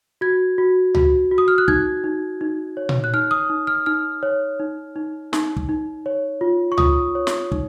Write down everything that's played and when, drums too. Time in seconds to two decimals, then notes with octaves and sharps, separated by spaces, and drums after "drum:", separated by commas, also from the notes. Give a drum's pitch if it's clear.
0.21 F#4 G#6
0.58 F#4
0.95 F#4, drum: tom C#2
1.31 F#4
1.38 D#6
1.48 F6
1.58 F#6
1.68 D#4 G#6, drum: kick
2.04 D#4
2.41 D#4
2.77 C#5
2.89 drum: tom A#2
3.04 F#6
3.13 D#4 F6
3.31 D#6
3.49 D#4
3.67 F6
3.86 D#4 F6
4.23 C#5
4.59 D#4
4.96 D#4
5.33 D#4, drum: snare
5.56 drum: kick
5.69 D#4
6.06 C#5
6.41 F4
6.72 C#6
6.78 F4 D#6, drum: tom C#2
7.15 C#5
7.27 drum: snare
7.52 D#4, drum: kick